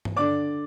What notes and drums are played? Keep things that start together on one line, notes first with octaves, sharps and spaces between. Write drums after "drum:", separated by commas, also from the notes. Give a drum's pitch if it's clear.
drum: tom G2
D3 D5 D6